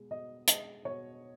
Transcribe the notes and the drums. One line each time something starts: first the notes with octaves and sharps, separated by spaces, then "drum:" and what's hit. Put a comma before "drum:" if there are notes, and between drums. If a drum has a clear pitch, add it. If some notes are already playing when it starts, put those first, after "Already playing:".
Already playing: B2 G#3
B2 D#5
G#3 D#5, drum: hi-hat
B2 C#5